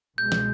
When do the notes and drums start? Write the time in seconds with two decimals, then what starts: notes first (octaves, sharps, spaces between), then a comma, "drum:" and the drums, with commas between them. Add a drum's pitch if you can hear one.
0.18 C2 B2 G#3 G6
0.32 drum: snare